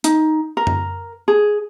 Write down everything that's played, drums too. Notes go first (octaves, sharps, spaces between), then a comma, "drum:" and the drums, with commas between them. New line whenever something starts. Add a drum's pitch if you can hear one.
D#4, drum: hi-hat
A#4
drum: tom F#2
G#4